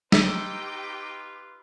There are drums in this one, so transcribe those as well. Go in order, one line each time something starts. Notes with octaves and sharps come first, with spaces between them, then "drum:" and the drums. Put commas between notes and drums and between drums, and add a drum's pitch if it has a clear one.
D#4 F4 G4 B4 G5 D6 E6, drum: snare